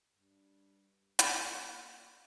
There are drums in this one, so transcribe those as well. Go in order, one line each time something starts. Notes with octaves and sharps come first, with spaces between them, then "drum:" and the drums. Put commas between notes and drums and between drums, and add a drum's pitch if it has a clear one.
G2
A#3, drum: hi-hat